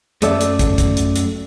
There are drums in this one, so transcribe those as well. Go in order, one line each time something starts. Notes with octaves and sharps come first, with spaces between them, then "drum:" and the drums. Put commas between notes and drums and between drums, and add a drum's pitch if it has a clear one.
F#2 A3 A4 D5 E5, drum: hi-hat
drum: hi-hat
drum: kick, hi-hat
drum: kick, hi-hat
drum: hi-hat
drum: hi-hat